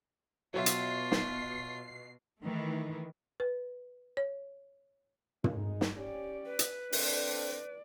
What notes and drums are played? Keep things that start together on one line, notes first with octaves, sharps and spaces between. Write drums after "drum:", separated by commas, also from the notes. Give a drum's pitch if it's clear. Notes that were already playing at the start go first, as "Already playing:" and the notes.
B2 F#3 F4 C#5 E5 C7
drum: hi-hat
drum: snare
D#3 E3 A3
B4
C#5
G#3 D#4, drum: tom
drum: snare
C#4 G4 D5
B4
drum: hi-hat
C4 D4 A4 D5, drum: open hi-hat